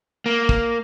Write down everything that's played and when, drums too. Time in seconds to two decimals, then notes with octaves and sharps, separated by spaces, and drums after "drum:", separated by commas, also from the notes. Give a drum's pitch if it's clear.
0.26 A#3
0.49 drum: kick